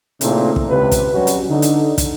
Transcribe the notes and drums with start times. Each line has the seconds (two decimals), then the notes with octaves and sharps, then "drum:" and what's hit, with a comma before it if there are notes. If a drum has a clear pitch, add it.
0.21 A#2 C#3 A3 C4 D#4 E4, drum: hi-hat
0.56 drum: kick
0.69 C#2 C3 B4
0.91 drum: kick, hi-hat
1.13 C3 F#3 G3 C#4 F#4
1.27 drum: hi-hat
1.48 D3 D#4
1.62 drum: hi-hat
1.98 drum: kick, hi-hat